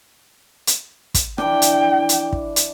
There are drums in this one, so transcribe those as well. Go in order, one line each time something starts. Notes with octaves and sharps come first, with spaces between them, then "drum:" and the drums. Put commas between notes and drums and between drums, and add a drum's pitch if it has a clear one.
drum: hi-hat
drum: kick, hi-hat
E3 D4 G5, drum: rim click
drum: hi-hat
drum: hi-hat
drum: kick
drum: hi-hat